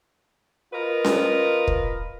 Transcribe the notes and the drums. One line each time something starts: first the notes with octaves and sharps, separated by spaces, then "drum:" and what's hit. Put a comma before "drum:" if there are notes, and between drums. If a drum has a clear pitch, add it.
F4 A#4 B4 D#5
drum: snare C#4
drum: kick